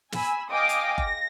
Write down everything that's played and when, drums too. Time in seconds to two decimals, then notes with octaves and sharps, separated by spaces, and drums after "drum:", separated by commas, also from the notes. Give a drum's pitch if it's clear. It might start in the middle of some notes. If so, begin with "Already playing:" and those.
0.12 G#5 B5 E6, drum: snare
0.49 D#5 F5 G5 G#5 D6 D#6
0.69 drum: hi-hat
0.98 A#6, drum: kick F#1